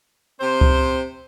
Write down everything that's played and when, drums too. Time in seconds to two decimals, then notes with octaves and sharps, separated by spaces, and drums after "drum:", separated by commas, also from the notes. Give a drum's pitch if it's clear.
0.38 C3 C4 C5
0.61 drum: kick C#2